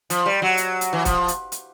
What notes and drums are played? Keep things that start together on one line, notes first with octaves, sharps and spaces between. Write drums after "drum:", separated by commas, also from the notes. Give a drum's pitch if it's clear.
F3, drum: hi-hat
G3
F#3
drum: hi-hat
drum: hi-hat
E3
F3, drum: kick, hi-hat
drum: hi-hat
drum: hi-hat